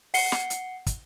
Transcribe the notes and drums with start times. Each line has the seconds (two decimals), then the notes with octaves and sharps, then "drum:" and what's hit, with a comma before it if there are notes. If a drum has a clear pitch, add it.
0.14 F#5 C7 C#7 G7, drum: open hi-hat
0.32 drum: snare
0.50 drum: hi-hat
0.86 drum: kick, hi-hat